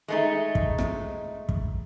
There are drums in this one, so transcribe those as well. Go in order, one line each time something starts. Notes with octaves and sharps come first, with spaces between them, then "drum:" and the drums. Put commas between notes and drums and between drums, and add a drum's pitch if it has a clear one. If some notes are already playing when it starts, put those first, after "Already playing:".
G#3 A3 D#4
drum: kick
drum: rim click
drum: kick